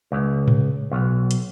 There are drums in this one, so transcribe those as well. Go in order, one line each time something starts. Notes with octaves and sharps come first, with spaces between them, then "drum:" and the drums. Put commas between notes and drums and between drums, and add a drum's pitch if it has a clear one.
C#2
drum: tom A2
B1
drum: hi-hat